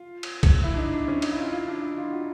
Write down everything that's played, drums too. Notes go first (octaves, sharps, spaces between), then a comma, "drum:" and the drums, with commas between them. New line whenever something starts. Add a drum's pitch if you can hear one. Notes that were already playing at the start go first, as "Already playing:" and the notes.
Already playing: F4
drum: cymbal
drum: kick B1, cymbal
E4
D4
D#4
D4
C#4
D#4, drum: cymbal
E4
F4
F4
D4
E4
F4
F#4